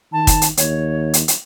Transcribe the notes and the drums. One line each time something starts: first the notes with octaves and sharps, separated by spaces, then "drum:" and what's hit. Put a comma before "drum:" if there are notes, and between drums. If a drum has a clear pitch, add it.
D#3 A5
drum: kick, hi-hat
drum: hi-hat
D#2 C#5, drum: hi-hat
drum: hi-hat
drum: hi-hat